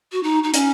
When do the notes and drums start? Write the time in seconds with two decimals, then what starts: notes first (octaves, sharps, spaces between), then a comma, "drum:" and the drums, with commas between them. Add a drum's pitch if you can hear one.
0.12 F#4
0.23 D#4
0.43 D#4
0.54 C#4, drum: hi-hat